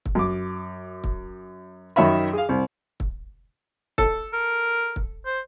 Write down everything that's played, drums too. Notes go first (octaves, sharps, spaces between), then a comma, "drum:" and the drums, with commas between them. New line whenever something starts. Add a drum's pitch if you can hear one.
drum: kick
F#2 D6
drum: kick
F#2 D#3 C#5 E5 B5
G#4 F5
C2
drum: kick
A4, drum: kick
A#4
drum: kick
C5